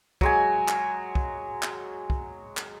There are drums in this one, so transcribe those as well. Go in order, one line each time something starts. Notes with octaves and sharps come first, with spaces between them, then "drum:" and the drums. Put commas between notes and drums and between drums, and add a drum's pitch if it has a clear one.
F#3 G#3 G#5, drum: kick
drum: clap
drum: kick
drum: clap
drum: kick
drum: clap